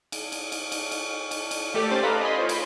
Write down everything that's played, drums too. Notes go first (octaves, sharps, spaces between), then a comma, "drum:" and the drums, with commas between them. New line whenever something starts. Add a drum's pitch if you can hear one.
drum: cymbal
drum: cymbal
drum: cymbal
drum: cymbal
drum: cymbal
drum: cymbal
drum: cymbal
A3 G4 A4 D5
C#4 C5 D5 A6
A4 B4 D#5 F5 A#5 B5
D#5 G#5 B5 C6
F4 C5 C#5
B5 C6 B6, drum: cymbal